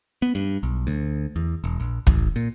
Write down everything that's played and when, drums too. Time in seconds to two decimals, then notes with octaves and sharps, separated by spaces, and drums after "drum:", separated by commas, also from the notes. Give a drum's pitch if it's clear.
0.22 B3
0.35 G2
0.63 B1
0.87 D2
1.36 E2
1.64 E1
1.80 A#1
2.07 A1, drum: kick
2.36 A#2